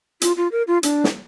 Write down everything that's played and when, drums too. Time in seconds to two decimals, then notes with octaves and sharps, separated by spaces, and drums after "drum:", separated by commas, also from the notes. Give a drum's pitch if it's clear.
0.21 F4, drum: hi-hat
0.37 F4
0.52 A#4
0.67 F4
0.83 D4, drum: hi-hat
1.04 drum: snare